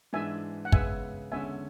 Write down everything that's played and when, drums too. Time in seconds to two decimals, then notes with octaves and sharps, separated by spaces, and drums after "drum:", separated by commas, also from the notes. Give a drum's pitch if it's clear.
0.13 G#2 E3 G#3 D4 E5 G#5
0.65 F#5
0.72 C#3 G#3 B3 E5 G#5, drum: kick
1.32 E2 D3 G#3 C#4 E5 G#5